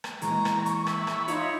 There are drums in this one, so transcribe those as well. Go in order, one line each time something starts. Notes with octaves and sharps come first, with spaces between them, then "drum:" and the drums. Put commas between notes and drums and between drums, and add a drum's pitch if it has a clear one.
drum: rim click
A#2 E3 G#3 A#5 C#6, drum: hi-hat
drum: rim click
drum: hi-hat
E4 E5, drum: rim click
drum: rim click
D#4 F4 C#5 F5, drum: hi-hat